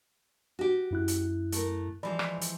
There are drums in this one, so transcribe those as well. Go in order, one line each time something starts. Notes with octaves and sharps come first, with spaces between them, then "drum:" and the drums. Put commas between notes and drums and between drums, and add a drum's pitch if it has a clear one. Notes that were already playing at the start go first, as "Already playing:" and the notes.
F#4 G4
F#2 E4 F#6
drum: hi-hat
A3 A#4, drum: hi-hat
E3 F3 G#3 D5 B5
drum: rim click
drum: hi-hat